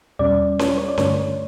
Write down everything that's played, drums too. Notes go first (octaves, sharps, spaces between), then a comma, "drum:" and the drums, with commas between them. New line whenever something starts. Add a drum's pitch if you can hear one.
E2 B2 G3 C#4 D5
C#5, drum: snare C#4
C#5
D5
G2 D3 A3 C#4 C#5, drum: snare C#4